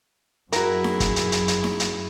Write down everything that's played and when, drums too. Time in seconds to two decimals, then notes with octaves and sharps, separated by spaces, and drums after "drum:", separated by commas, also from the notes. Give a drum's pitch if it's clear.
0.52 F#2 E4 F#4 G#4 A#4, drum: hi-hat
0.84 drum: snare D#4
1.00 drum: kick, hi-hat
1.16 drum: hi-hat
1.32 drum: hi-hat
1.48 drum: hi-hat
1.64 drum: snare D#4
1.80 drum: hi-hat